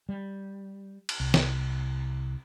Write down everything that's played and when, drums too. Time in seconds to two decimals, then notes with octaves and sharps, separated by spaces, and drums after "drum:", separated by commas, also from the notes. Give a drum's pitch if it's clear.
0.09 G3
1.09 drum: cymbal
1.20 C2
1.34 drum: snare